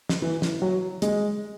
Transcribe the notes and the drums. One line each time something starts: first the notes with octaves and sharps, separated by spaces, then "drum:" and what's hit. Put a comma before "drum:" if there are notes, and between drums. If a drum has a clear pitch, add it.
drum: snare
E3
drum: snare
F#3
G#3, drum: hi-hat